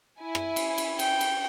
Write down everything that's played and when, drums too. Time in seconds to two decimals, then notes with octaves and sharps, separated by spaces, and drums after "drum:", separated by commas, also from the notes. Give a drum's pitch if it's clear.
0.19 E4 G#5
0.35 drum: rim click
0.56 drum: cymbal
0.78 drum: cymbal
0.99 G5, drum: cymbal
1.20 drum: cymbal